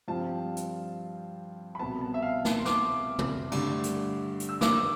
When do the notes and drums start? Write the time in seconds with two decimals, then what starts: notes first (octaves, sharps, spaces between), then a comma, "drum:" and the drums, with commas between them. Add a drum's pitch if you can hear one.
0.07 G2 F3 C4 F4 A5
0.56 drum: hi-hat
1.75 B5
1.79 C2 B2 B3 A5
2.01 A5
2.14 E5
2.22 F5
2.45 A5, drum: snare
2.59 C6
2.65 D6, drum: snare
3.19 drum: tom
3.52 G2 D3 A3, drum: cymbal
3.83 drum: hi-hat
4.40 drum: hi-hat
4.49 E6
4.61 D6, drum: snare
4.73 E6